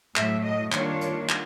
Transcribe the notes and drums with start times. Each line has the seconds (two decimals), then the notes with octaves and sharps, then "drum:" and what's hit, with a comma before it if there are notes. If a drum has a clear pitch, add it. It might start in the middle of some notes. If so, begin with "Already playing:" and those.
0.16 A2 F#3 A3 E5, drum: clap
0.44 D#5
0.72 D#3 G3 A#3 D4 F4 C#5, drum: clap
1.01 drum: hi-hat
1.29 drum: clap